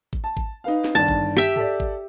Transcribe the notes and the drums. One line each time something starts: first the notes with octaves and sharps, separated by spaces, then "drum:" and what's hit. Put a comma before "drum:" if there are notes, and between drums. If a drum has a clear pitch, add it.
drum: kick G#1
A5
drum: kick G#1
D#4 B4 F5
drum: snare
G1 D#3 D4 A5
drum: kick G#1
G4 E5
A4 D5, drum: tom
drum: kick G#1